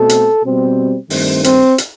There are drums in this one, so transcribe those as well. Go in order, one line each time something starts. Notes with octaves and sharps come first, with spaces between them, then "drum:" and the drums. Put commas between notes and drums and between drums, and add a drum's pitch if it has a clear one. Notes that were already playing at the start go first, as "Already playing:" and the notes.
Already playing: B2 A3 C4 A4
drum: hi-hat
B2 G3 C4
G2 D#3 A3 C4, drum: open hi-hat
C4, drum: hi-hat
drum: hi-hat